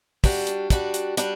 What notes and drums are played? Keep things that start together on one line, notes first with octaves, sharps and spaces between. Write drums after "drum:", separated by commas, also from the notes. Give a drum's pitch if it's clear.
G3 D4 F#4, drum: kick, open hi-hat
drum: hi-hat
G3 D4 F#4, drum: kick, hi-hat
drum: hi-hat
G3 D4 F#4, drum: hi-hat